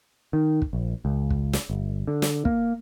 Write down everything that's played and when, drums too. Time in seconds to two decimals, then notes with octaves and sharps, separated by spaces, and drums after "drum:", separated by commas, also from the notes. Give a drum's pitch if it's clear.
0.33 D#3
0.62 drum: kick
0.73 A#1
1.05 C#2
1.30 drum: kick
1.53 drum: snare
1.70 G1
2.08 D3
2.22 drum: snare
2.45 A#3, drum: kick